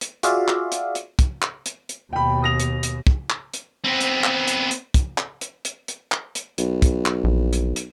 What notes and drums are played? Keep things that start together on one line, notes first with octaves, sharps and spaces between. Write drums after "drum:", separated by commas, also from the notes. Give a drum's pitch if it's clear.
drum: hi-hat
F4 F#4 G#4 D5 E5 F5, drum: hi-hat
drum: clap
drum: hi-hat
drum: hi-hat
drum: kick, hi-hat
drum: clap
drum: hi-hat
drum: hi-hat
D#2 B2 G5 B5
D#6 A#6 F7
drum: hi-hat
drum: hi-hat
drum: kick
drum: clap
drum: hi-hat
B3 C4
drum: hi-hat
drum: clap
drum: hi-hat
drum: hi-hat
drum: kick, hi-hat
drum: clap
drum: hi-hat
drum: hi-hat
drum: hi-hat
drum: clap
drum: hi-hat
B1, drum: hi-hat
drum: kick, hi-hat
drum: clap
A#1
drum: hi-hat
drum: hi-hat